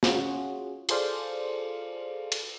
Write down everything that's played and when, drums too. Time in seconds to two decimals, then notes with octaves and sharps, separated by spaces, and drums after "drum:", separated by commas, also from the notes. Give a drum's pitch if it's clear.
0.03 C#4 F4 F#4 G#4, drum: snare
0.89 F4 G#4 A4 C5 D5 F5, drum: cymbal
2.32 drum: cymbal